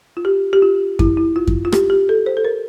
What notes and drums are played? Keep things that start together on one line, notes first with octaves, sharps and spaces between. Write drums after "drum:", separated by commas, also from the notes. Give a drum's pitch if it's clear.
F4
G4
G4
F4
E4, drum: kick F#2
E4
F4
drum: kick F#2
F4
G4, drum: rim click
G4
A4
C5
A4
A#4